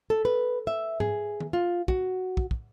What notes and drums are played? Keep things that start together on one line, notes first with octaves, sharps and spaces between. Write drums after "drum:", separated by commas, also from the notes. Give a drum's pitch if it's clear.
A4
B4
E5
G#4, drum: tom G#2
drum: tom
F4
F#4, drum: kick
drum: kick
drum: kick